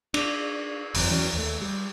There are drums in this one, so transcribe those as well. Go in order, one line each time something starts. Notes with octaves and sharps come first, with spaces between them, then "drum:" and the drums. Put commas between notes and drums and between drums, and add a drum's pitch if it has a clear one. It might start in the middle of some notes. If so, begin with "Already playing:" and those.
D4, drum: cymbal
G1 F2, drum: open hi-hat
E2 E3 F#3 C#4
D#2 A3
G3